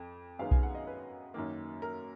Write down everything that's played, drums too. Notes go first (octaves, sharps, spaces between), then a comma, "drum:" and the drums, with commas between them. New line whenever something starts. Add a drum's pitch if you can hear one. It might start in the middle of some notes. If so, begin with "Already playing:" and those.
Already playing: F2
F#2 D#3 G#3 B3 F5
G#5, drum: kick B1
F#5
D#5
B4
F#2 D#3 A#3
A#4